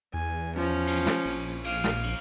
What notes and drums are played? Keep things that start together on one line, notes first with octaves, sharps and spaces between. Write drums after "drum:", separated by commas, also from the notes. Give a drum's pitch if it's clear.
E2 G#5
F3 C#4
drum: cymbal
drum: snare
A#1, drum: cymbal
F5, drum: cymbal
drum: snare
drum: cymbal